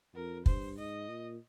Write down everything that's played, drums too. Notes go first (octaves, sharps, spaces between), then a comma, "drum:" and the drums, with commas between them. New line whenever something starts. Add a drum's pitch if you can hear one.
F2 A#4
G2 C5, drum: kick
G#2 D#5
A#2